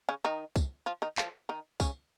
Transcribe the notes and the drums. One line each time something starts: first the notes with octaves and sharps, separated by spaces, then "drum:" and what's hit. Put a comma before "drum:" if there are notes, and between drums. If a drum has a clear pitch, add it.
C#3 C#4
D#3 D#4
drum: kick C2, tambourine
F3 F4
D#3 D#4
F3 F4, drum: clap
D#3 D#4
C#3 C#4, drum: kick C2, tambourine